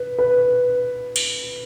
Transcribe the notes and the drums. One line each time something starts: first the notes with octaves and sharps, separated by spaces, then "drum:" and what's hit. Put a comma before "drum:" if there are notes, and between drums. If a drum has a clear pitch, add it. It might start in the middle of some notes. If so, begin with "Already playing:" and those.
Already playing: B4
B4
drum: cymbal